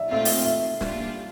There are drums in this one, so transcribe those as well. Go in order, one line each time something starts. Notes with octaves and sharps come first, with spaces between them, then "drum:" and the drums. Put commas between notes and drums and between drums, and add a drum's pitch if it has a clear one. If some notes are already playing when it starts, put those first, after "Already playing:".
Already playing: D5 E5
A#2 A3 C4 F4 E5
drum: open hi-hat
E5
A#2 G3 D4 F4, drum: snare